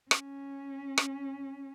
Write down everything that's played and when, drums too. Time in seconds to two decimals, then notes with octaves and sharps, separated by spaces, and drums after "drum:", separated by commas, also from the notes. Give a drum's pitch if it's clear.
0.11 C#4, drum: rim click
0.98 drum: rim click